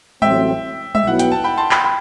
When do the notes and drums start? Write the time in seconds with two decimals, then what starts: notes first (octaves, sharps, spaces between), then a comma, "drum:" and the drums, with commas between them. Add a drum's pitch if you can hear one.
0.22 A1 A2 F#3 C4 E5 G5, drum: tom G3
0.95 E5, drum: tom G3
1.03 B1 B2 F#3 B3 E4 F#5
1.19 G5, drum: hi-hat
1.32 A5
1.44 G5 B5
1.57 A5 C6
1.71 G5 B5, drum: clap
1.84 G5 B5